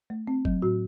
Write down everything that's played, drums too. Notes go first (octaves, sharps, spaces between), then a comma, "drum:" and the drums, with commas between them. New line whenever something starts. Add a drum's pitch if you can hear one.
A3
C4
F#3, drum: kick
A2 F#4